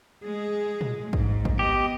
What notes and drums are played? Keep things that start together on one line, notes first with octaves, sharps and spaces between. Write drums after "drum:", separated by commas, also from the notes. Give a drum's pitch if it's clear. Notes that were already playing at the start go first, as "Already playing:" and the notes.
G#3 G#4
drum: tom
G#2, drum: kick
drum: kick
B3 G4 D#5